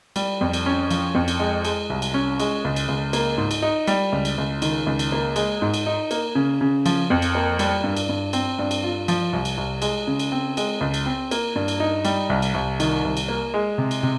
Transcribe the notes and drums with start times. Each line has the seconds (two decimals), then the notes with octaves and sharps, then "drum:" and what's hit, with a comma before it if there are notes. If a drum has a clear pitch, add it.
0.16 G3, drum: cymbal
0.41 F2
0.53 drum: cymbal
0.66 C#4
0.91 F3, drum: cymbal
1.15 F2
1.28 drum: cymbal
1.40 G#3
1.65 G#3, drum: cymbal
1.90 C2
2.02 drum: cymbal
2.14 C#4
2.40 G#3, drum: cymbal
2.65 C#2
2.76 drum: cymbal
2.89 C#2
3.13 A#3, drum: cymbal
3.38 G#2
3.51 drum: cymbal
3.62 D#4
3.87 G3, drum: cymbal
4.12 C#2
4.25 drum: cymbal
4.38 C#2
4.62 D#3, drum: cymbal
4.87 C#2
4.99 drum: cymbal
5.12 A#3
5.36 G#3, drum: cymbal
5.62 G#2
5.74 drum: cymbal
5.86 D#4
6.11 A#3, drum: cymbal
6.35 C#3
6.61 C#3
6.86 F3, drum: cymbal
7.10 F2
7.22 drum: cymbal
7.35 A#3
7.59 G3, drum: cymbal
7.84 G2
7.97 drum: cymbal
8.09 G2
8.33 C4, drum: cymbal
8.59 G2
8.71 drum: cymbal
8.84 F4
9.08 F3, drum: cymbal
9.33 C2
9.45 drum: cymbal
9.58 C2
9.82 G#3, drum: cymbal
10.07 C#3
10.19 drum: cymbal
10.32 C4
10.57 G#3, drum: cymbal
10.81 C#2
10.94 drum: cymbal
11.06 C4
11.31 A#3, drum: cymbal
11.56 G2
11.68 drum: cymbal
11.80 D#4
12.05 G3, drum: cymbal
12.30 C2
12.42 drum: cymbal
12.54 C2
12.80 D#3, drum: cymbal
13.04 C2
13.17 drum: cymbal
13.29 A#3
13.54 G#3
13.78 C3
13.91 drum: cymbal
14.03 C3